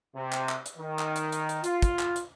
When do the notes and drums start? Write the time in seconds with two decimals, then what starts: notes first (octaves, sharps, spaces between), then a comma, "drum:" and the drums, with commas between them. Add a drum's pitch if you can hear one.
0.16 C3
0.32 drum: clap
0.49 drum: clap
0.66 drum: hi-hat
0.78 D#3
0.99 drum: clap
1.16 drum: hi-hat
1.32 drum: hi-hat
1.49 drum: hi-hat
1.64 F4, drum: hi-hat
1.82 drum: kick, hi-hat
1.99 drum: clap
2.16 drum: hi-hat